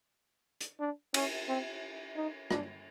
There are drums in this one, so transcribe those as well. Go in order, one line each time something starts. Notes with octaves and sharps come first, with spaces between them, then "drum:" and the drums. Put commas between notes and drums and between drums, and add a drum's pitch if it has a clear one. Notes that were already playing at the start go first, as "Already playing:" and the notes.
drum: hi-hat
D4
C#4, drum: cymbal
C4
D#4
D4, drum: rim click